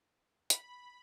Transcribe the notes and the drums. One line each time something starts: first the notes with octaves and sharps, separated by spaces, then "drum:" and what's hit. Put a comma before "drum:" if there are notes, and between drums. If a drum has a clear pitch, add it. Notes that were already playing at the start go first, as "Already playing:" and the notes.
B5, drum: hi-hat